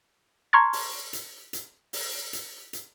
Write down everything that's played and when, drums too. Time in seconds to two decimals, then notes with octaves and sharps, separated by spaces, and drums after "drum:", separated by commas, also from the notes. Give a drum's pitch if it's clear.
0.53 A5 A#5 C6 C#6 F6 G#6
0.73 drum: open hi-hat
1.13 drum: hi-hat
1.53 drum: hi-hat
1.93 drum: open hi-hat
2.33 drum: hi-hat
2.73 drum: hi-hat